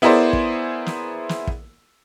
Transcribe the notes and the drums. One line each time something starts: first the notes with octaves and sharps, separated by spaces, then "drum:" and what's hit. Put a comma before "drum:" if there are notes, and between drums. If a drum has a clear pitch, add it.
B3 E4 G#4 A#4 C5 D5
drum: kick
drum: snare
drum: snare
drum: kick